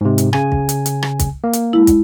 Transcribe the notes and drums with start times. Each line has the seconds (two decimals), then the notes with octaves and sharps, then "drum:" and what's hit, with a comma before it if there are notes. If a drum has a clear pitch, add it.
0.01 G#2 C3
0.18 drum: hi-hat
0.33 C#3 G#5, drum: rim click
0.52 drum: kick
0.69 drum: hi-hat
0.86 drum: hi-hat
1.03 drum: rim click
1.19 drum: kick, hi-hat
1.44 A#3
1.53 drum: hi-hat
1.73 G#3 E4
1.87 drum: kick, hi-hat